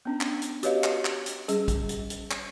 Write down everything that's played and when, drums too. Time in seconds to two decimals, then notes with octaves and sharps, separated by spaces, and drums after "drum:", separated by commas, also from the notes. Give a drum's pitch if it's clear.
0.05 B3 C#4 D4
0.21 drum: clap
0.42 drum: hi-hat
0.63 F#4 G4 B4 C#5 D#5 F5, drum: hi-hat
0.84 drum: clap
1.05 drum: clap
1.26 drum: hi-hat
1.48 G3 C#4 G#4, drum: hi-hat
1.68 drum: kick, hi-hat
1.89 drum: hi-hat
2.10 drum: hi-hat
2.31 drum: clap